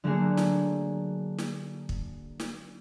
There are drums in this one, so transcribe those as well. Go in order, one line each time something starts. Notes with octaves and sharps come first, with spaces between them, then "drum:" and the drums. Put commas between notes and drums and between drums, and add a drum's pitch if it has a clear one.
D3 F#3 A3 A#3 F#4 G#4
drum: snare
drum: snare
drum: kick
drum: snare